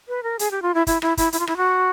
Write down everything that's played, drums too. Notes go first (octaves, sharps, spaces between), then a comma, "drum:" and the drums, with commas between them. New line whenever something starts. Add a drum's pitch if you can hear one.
B4
A#4
G#4, drum: hi-hat
G4
F4
E4
E4, drum: kick, hi-hat
E4, drum: rim click
E4, drum: kick, hi-hat
E4, drum: hi-hat
F4
E4, drum: rim click
F#4